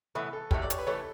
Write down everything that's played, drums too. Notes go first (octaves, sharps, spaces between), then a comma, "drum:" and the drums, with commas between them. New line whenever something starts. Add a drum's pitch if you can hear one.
A2 E3 B3
A4
A2 F#3 A3 G4, drum: kick
D5
C#5, drum: hi-hat
B4
E3 A3 C#4 A4